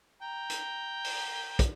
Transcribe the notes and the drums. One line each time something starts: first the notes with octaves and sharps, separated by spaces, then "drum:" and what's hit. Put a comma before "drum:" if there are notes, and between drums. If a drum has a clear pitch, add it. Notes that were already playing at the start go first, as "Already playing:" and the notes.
G5 A#5
drum: hi-hat
drum: open hi-hat
drum: kick, hi-hat